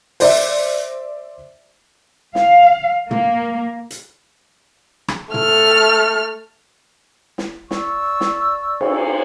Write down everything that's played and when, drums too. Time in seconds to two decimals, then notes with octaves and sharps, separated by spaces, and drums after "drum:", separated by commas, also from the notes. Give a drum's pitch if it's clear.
0.20 C5 D5 E5, drum: open hi-hat
2.35 F5, drum: snare
3.11 A#3, drum: tom
3.90 drum: hi-hat
5.08 drum: rim click
5.34 A3 F6, drum: tom
7.38 drum: snare
7.71 D5 C#6 E6, drum: snare
8.21 drum: snare
8.81 drum: cymbal